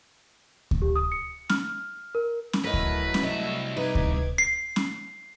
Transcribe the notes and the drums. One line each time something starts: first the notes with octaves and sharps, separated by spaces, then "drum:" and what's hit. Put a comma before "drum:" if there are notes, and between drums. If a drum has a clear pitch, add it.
drum: kick D2
G4
D#6
C#7
F6, drum: snare C#4
A#4
drum: snare C#4
F#3 A3 E4 A#4 B4 D#5
drum: kick D2
drum: snare C#4
C2 D#5 E5
D#4 B4 D6 G#6
drum: kick D2
C7
drum: snare C#4